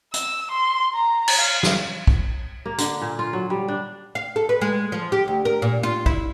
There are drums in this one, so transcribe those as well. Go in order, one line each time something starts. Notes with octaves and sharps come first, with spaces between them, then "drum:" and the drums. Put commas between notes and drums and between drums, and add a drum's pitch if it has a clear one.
E6, drum: hi-hat
C6
A#5
drum: cymbal
F5
drum: snare
drum: kick
A#3
D3, drum: hi-hat
A#2
F4
F#3
G3
D4
F5
A4
B4
G#3
F3
G4
D2
A#4
A#2
F4
E4, drum: kick